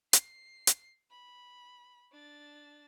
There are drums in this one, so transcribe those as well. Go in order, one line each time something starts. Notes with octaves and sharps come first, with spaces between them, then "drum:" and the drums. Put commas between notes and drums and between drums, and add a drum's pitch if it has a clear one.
C7, drum: hi-hat
drum: hi-hat
B5
D4 A6